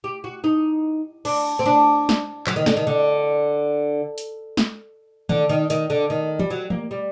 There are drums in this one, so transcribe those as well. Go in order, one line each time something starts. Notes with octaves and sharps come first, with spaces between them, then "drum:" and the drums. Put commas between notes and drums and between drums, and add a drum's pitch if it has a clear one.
G4
F#4
D#4
D4, drum: cymbal
C4
D4
drum: snare
F#3, drum: clap
D#3
D3, drum: snare
D#3
D3
drum: hi-hat
drum: snare
D3, drum: tom D#3
D#3
D#3, drum: hi-hat
D3
D#3
G3, drum: tom E3
F#3
A#3, drum: tom E3
G3